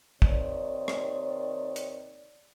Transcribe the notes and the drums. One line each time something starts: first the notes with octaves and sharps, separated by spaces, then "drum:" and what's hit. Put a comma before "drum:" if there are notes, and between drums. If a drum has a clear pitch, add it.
D#2 C3 D#3 C#5 D5, drum: kick
drum: rim click
drum: hi-hat